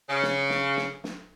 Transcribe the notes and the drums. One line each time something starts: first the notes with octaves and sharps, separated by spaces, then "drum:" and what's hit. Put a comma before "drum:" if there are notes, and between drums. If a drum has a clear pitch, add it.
C#3
drum: snare
drum: snare
drum: snare
drum: snare